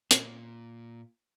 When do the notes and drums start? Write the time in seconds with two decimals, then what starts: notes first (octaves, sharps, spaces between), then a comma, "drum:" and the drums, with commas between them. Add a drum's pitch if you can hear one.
0.11 A#2, drum: hi-hat